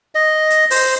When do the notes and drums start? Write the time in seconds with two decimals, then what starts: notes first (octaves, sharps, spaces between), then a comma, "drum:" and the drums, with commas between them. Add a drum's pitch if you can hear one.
0.15 D#5
0.50 drum: hi-hat
0.71 C5, drum: open hi-hat